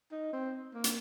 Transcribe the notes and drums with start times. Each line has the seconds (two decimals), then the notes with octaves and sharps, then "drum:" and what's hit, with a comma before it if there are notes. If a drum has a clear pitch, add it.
0.12 D#4
0.33 C4
0.74 A#3
0.84 drum: hi-hat